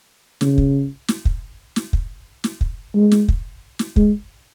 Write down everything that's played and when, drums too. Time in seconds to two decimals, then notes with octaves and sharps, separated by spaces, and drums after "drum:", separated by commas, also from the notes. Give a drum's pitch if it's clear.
0.41 C#3, drum: snare
0.58 drum: kick
1.08 drum: snare
1.25 drum: kick
1.76 drum: snare
1.93 drum: kick
2.44 drum: snare
2.61 drum: kick
2.94 G#3
3.12 drum: snare
3.28 drum: kick
3.79 drum: snare
3.96 G#3, drum: kick